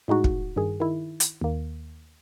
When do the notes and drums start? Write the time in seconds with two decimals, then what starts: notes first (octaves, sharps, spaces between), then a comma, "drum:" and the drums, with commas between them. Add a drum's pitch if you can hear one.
0.08 A2 G#3 D#4 F#4
0.24 drum: kick
0.56 G2 D#3 G#4
0.80 D#3 E4
1.20 drum: hi-hat
1.41 D#2 A#3